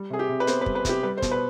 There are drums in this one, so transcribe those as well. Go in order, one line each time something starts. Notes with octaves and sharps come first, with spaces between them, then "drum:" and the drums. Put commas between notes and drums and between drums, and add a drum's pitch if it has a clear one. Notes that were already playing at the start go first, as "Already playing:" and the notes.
Already playing: G3
C3 G#4
G4
C3
B4
B3 C5, drum: hi-hat
B4
G3, drum: kick
B4
C3 G4, drum: kick, hi-hat
G3 B4
C5
B2, drum: kick, hi-hat
B4